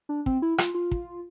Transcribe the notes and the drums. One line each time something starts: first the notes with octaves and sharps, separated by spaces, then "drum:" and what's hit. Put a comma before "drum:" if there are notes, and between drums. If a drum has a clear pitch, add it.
D4
C4, drum: kick
E4
F4, drum: rim click
F4
drum: kick